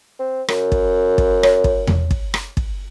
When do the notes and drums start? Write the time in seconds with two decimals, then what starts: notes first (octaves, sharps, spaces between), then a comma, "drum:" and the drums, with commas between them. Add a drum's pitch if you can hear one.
0.20 C4
0.48 F#2, drum: rim click
0.72 drum: kick
1.18 drum: kick
1.43 C#5, drum: rim click
1.64 drum: kick
1.87 drum: tom E2
2.11 drum: kick
2.34 drum: rim click
2.57 drum: kick